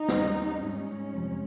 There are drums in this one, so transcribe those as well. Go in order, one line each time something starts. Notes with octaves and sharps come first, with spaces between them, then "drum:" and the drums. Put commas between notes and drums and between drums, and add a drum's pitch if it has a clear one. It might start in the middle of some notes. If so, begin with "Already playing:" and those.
Already playing: D#4
D#2 C#3 G3, drum: snare
G#2 G3 C#4
F2 C3 F3 G#3